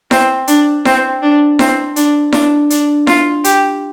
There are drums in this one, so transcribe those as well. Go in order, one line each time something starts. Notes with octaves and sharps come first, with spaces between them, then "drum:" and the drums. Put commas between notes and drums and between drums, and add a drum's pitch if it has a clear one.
C4, drum: snare E4
D4, drum: hi-hat
C4, drum: snare E4
D4
C4, drum: snare E4
D4, drum: hi-hat
D4, drum: snare E4
D4, drum: hi-hat
F4, drum: snare E4
G4, drum: hi-hat